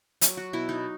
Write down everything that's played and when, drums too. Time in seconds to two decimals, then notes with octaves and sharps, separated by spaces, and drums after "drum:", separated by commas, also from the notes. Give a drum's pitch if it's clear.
0.22 F#3, drum: hi-hat
0.37 F#4
0.53 B2 E4
0.69 D#4